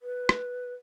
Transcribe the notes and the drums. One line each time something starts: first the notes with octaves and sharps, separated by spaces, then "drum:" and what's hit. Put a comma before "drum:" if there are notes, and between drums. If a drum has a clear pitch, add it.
B4
drum: rim click